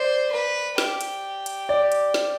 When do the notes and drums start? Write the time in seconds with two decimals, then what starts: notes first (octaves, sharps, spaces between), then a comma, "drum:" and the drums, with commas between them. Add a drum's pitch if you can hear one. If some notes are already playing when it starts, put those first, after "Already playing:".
Already playing: C5 D5
0.32 B4
0.78 G4, drum: snare
1.01 drum: hi-hat
1.46 drum: hi-hat
1.69 D5
1.92 drum: hi-hat
2.14 drum: snare